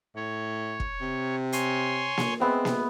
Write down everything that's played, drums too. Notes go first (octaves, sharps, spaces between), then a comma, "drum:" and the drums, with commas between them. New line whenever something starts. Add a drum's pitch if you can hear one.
A2 C#5
drum: kick
C3
C#5 G#5 C6, drum: hi-hat
drum: snare A#3
G#3 B3 C4 E5
drum: snare A#3